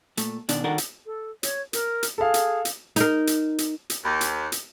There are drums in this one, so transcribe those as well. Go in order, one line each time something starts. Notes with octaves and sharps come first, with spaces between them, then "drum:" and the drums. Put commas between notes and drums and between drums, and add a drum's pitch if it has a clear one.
A#2 A3, drum: hi-hat
B2 D#3 D4, drum: hi-hat
D#3 D4 F#4 A4 A#4
drum: hi-hat
A4
C#5, drum: hi-hat
A#4, drum: hi-hat
drum: hi-hat
G#4 A4 F5
drum: hi-hat
drum: hi-hat
D#4 A#4, drum: hi-hat
drum: hi-hat
drum: hi-hat
drum: hi-hat
D#2
drum: hi-hat
drum: hi-hat